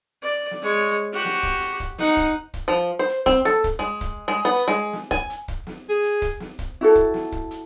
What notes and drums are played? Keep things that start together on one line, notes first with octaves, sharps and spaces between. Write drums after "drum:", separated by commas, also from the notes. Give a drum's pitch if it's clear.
D5
drum: snare
G#3 C#5
drum: hi-hat
F#4 G4
drum: snare
drum: kick, hi-hat
drum: hi-hat
drum: kick, hi-hat
D#4 F#5, drum: snare
drum: kick, hi-hat
drum: kick, hi-hat
F3
C5
drum: hi-hat
C4, drum: kick, hi-hat
A4, drum: snare
drum: kick, hi-hat
G#3
drum: kick, hi-hat
G#3
B3
drum: hi-hat
G#3
drum: snare
G#5, drum: kick, hi-hat
drum: hi-hat
drum: kick, hi-hat
drum: snare
G#4
drum: hi-hat
drum: kick, hi-hat
drum: snare
drum: kick, hi-hat
E4 F#4 A4
drum: kick
drum: snare
drum: kick
drum: hi-hat